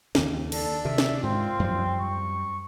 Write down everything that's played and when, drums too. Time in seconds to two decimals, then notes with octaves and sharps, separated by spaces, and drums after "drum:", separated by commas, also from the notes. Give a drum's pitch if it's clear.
0.15 D#2 C#3, drum: snare
0.52 D4 A4, drum: cymbal
0.85 C3 D#3 E5
0.98 drum: snare
1.23 G#2 C4 F4
1.59 F#2 F3 G3
1.99 C#6